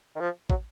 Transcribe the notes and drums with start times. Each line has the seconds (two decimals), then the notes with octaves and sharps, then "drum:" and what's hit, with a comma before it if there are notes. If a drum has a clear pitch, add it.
0.16 D#3
0.20 F3
0.50 F#3, drum: kick